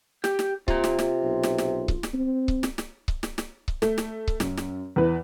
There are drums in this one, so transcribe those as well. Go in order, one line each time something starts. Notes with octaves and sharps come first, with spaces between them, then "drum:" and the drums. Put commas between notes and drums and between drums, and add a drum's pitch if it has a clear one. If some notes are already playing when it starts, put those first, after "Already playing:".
G4, drum: snare
drum: snare
C3 F4 A#5, drum: kick C#1
drum: snare
drum: snare
B1
drum: snare
drum: snare
drum: kick C#1
drum: snare
C4
drum: kick C#1
drum: snare
drum: snare
drum: kick C#1
drum: snare
drum: snare
drum: kick C#1
A3, drum: snare
drum: snare
drum: kick C#1
F#2, drum: snare
drum: snare
E2 E3 B4